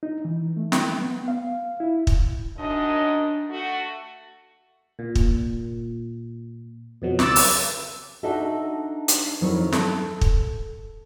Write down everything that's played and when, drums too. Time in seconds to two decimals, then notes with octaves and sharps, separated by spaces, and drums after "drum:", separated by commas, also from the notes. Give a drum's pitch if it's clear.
0.03 D#4
0.25 E3
0.57 A3
0.72 G5, drum: snare
1.02 B3
1.28 F5
1.80 E4
2.07 drum: kick
2.57 F#2 D4 D#4 D#5
3.50 A3 F#4
4.99 A#2
5.15 drum: kick
7.02 F2 B2 F#3
7.19 C#2 D6 E6 F#6 A6 C#7, drum: snare
7.36 drum: open hi-hat
8.23 D4 D#4 F#4 A4 D#5 E5
9.08 drum: hi-hat
9.41 F2 D#3 F#3 E4 C#5
9.72 A4, drum: snare
10.21 drum: kick